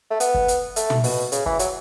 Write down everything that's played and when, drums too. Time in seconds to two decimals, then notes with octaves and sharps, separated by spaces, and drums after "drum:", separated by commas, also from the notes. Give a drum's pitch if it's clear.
0.11 A3
0.20 B3, drum: hi-hat
0.34 drum: kick
0.48 drum: hi-hat
0.76 A3, drum: hi-hat
0.90 drum: tom
1.04 B2, drum: open hi-hat
1.32 C#3, drum: hi-hat
1.46 E3, drum: kick
1.59 F#3, drum: hi-hat